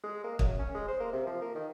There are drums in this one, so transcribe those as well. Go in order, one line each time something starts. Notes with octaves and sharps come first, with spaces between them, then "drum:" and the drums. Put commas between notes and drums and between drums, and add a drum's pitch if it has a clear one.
G#3
A#3
F#2, drum: kick
C#4
G#3
C5
A#3
C3
F3
A#3
D#3